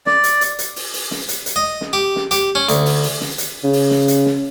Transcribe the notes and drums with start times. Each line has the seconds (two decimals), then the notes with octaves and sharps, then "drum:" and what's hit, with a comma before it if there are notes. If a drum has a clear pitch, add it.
0.06 D5, drum: snare
0.24 drum: hi-hat
0.41 drum: hi-hat
0.59 drum: hi-hat
0.76 drum: open hi-hat
0.94 drum: open hi-hat
1.11 drum: snare
1.28 drum: hi-hat
1.46 drum: hi-hat
1.56 D#5
1.81 drum: snare
1.93 G4
2.16 drum: snare
2.31 G4, drum: hi-hat
2.55 C#4
2.69 D2, drum: hi-hat
2.86 drum: open hi-hat
3.03 drum: open hi-hat
3.21 drum: snare
3.38 drum: hi-hat
3.64 C#3
3.73 drum: open hi-hat
3.91 drum: snare
4.08 drum: hi-hat
4.25 drum: snare